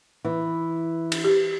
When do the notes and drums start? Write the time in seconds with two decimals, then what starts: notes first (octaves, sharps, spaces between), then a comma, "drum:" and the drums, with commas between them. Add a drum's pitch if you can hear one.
0.25 E3
1.12 drum: cymbal
1.24 G4